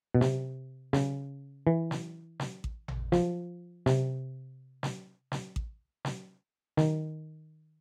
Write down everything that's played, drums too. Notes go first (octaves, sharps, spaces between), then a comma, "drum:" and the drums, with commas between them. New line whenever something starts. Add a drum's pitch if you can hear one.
B2
C3, drum: snare
C#3, drum: snare
E3
drum: snare
drum: snare
drum: kick A1
drum: tom A1
F3, drum: snare
C3, drum: snare
drum: snare
drum: snare
drum: kick A1
drum: snare
D#3, drum: snare